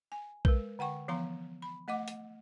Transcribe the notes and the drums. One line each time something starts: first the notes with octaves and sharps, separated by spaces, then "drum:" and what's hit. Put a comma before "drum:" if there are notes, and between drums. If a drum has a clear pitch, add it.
G#5
G#3 A#4 B4, drum: kick A#1
D3 F#5 G5 C#6
E3 F3 B3 F5 A#5 C6
B5
A3 D#5 F#5 D6
drum: hi-hat